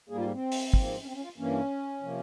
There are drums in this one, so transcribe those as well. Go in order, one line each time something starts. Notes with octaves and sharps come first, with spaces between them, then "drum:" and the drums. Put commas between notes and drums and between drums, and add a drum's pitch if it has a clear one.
G#2 G3 A#3 G#4
F4
C4
drum: open hi-hat
G#2 F3 A#3, drum: kick
C#4
C4
C#4
F4
G2 E3 A#3 C#4
C3 F3 A#3